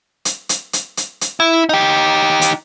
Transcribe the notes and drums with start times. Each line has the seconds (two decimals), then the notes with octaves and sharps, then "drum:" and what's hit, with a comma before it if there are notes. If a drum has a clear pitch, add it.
0.25 drum: hi-hat
0.49 drum: hi-hat
0.73 drum: hi-hat
0.97 drum: hi-hat
1.21 drum: hi-hat
1.40 E4
1.69 D#4 G4
2.41 drum: hi-hat